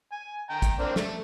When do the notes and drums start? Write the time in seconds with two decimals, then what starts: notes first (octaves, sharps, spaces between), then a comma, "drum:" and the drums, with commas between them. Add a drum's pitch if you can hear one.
0.12 G#5
0.50 G5 A#5
0.62 drum: kick, hi-hat
0.79 A#3 C4 D4
0.96 A3 A4, drum: snare